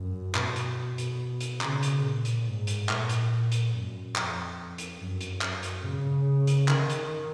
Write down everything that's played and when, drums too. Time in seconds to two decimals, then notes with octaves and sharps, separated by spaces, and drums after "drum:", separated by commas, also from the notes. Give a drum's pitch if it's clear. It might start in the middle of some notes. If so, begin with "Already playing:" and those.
Already playing: F#2
0.35 B2, drum: clap
0.56 drum: hi-hat
0.98 drum: hi-hat
1.40 drum: hi-hat
1.61 C#3, drum: clap
1.83 drum: hi-hat
2.03 A#2
2.25 drum: hi-hat
2.46 G#2
2.67 drum: hi-hat
2.89 A#2, drum: clap
3.09 drum: hi-hat
3.52 drum: hi-hat
3.73 F#2
4.16 F2, drum: clap
4.78 drum: hi-hat
4.99 F#2
5.21 drum: hi-hat
5.41 F#2, drum: clap
5.63 drum: hi-hat
5.83 C#3
6.47 drum: hi-hat
6.68 D#3, drum: clap
6.90 drum: hi-hat